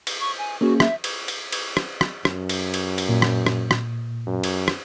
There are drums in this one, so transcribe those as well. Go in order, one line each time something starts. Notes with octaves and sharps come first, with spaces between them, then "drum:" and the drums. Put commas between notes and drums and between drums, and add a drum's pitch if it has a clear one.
drum: cymbal
C#6
G#5
A#3 C#4 F#4 G#4
E5, drum: rim click
drum: cymbal
drum: cymbal
drum: cymbal
drum: rim click
drum: rim click
F#2, drum: rim click
drum: cymbal
drum: cymbal
drum: cymbal
A#2
drum: rim click
drum: rim click
drum: rim click
F#2
drum: cymbal
drum: rim click